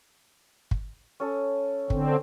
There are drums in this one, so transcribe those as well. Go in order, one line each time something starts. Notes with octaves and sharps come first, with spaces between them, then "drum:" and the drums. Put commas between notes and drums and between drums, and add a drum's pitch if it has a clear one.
drum: kick
C#4 A4
D3 C4, drum: kick